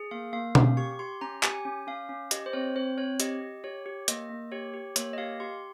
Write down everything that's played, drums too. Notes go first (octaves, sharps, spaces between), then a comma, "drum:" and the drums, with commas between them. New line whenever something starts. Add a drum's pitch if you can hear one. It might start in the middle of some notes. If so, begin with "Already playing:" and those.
Already playing: G#4
A#3 F5
A#3 F5
C#4 F5, drum: tom B2
G4 C#6
G4 C6
C#4 A#5
G4 G#5, drum: clap
C#4
C#4 F5
C#4
G4 D#5, drum: hi-hat
C5
C4 C#5
C4 C5
C4 C#5
G4 D#5, drum: hi-hat
G4
G4 C#5
G4
A#3 D#5, drum: hi-hat
A#3
G4 C#5
G4
A#3 C#5, drum: hi-hat
D#5
G4 F5
G4 C6